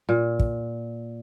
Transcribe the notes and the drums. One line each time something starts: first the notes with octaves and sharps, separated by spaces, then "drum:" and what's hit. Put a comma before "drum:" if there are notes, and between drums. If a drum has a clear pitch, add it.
A#2
drum: kick